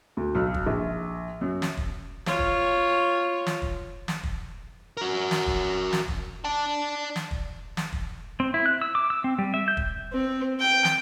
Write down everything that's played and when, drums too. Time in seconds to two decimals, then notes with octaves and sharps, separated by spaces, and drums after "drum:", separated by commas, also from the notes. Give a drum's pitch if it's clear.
0.17 D2
0.35 B1
0.54 drum: kick
0.66 A#1
1.41 F#2
1.62 drum: snare
1.77 drum: kick
2.26 F4 C#5, drum: snare
2.39 drum: kick
3.46 drum: snare
3.62 drum: kick
4.08 drum: snare
4.23 drum: kick
4.97 F#4 A#4
5.31 drum: snare
5.46 drum: kick
5.93 drum: snare
6.08 drum: kick
6.45 D5 A5
7.16 drum: snare
7.31 drum: kick
7.77 drum: snare
7.92 drum: kick
8.40 C4
8.54 E4
8.66 F#6
8.82 E6
8.95 D6
9.10 E6
9.24 C4
9.39 G3
9.54 E5
9.68 G6
9.77 drum: kick
10.13 C4
10.60 G5
10.85 drum: snare